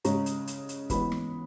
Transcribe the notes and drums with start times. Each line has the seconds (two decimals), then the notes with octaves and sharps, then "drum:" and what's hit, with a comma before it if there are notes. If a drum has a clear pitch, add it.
0.05 C#3 G#3 C#4 A#5, drum: hi-hat
0.26 drum: hi-hat
0.47 drum: hi-hat
0.69 drum: hi-hat
0.90 E3 G#3 B3 B5, drum: kick, hi-hat
1.12 drum: snare